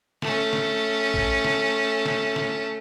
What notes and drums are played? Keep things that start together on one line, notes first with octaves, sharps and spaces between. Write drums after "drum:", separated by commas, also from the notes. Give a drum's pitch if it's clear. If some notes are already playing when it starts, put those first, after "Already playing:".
A3 C#4, drum: snare
drum: snare
drum: kick A1
drum: snare
drum: snare
drum: snare